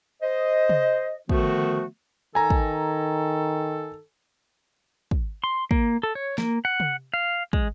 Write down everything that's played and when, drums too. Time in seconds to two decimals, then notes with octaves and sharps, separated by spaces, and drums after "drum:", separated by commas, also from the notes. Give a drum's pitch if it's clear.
0.22 C5 D#5
0.69 drum: tom
1.29 D3 D#3 F3 A3 B3 F#4, drum: kick
2.35 D#3 A4 G#5 A#5
2.50 drum: kick
5.11 drum: kick
5.44 C6
5.71 A#3, drum: kick
6.03 A4
6.15 C#5
6.38 A#3, drum: snare
6.65 F#5
6.80 drum: tom
7.14 F5
7.53 G#3, drum: kick